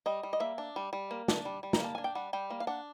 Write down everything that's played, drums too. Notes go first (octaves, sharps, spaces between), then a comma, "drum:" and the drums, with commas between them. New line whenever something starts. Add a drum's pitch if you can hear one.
G3 D#5
G3
D#5
A#3 E5
D4
G3
G3
A#3
D4, drum: snare
G3
G3
A#5, drum: snare
A#3 A5
D4 G#5
G5
G3 F#5
G3 G5
A#3
F5
D4 F#5